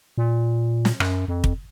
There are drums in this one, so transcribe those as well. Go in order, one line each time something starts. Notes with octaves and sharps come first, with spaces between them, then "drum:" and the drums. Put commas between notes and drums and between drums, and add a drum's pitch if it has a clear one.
A#2
drum: snare
F#2, drum: rim click
F2
drum: kick